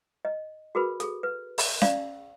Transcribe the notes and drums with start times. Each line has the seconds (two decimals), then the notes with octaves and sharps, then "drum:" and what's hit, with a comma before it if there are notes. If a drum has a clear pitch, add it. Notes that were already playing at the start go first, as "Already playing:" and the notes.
0.25 D#5
0.75 F#4 G#4 A#4 B4 B5
1.00 G#4 A4, drum: hi-hat
1.23 B4
1.58 drum: open hi-hat
1.82 D5 F5, drum: snare C#4